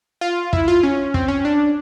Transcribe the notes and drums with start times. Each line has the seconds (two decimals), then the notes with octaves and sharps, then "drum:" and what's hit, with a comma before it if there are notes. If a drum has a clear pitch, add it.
0.21 F4
0.53 E4, drum: kick
0.68 F4
0.83 C#4
1.14 C4, drum: kick
1.28 C#4
1.45 D4